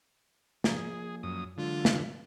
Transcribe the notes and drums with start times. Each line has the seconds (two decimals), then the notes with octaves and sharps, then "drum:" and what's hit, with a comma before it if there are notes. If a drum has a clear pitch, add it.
0.64 F3 A#3 G#4, drum: snare
1.23 F#2 D#6
1.58 D3 E3 F#3 G#3 F4
1.85 drum: snare